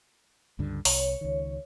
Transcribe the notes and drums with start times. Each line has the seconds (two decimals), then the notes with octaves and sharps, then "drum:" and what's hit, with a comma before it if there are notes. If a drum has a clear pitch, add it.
0.59 C#2 G2 D3
0.85 C2 C#5, drum: open hi-hat
1.21 C#2 D#3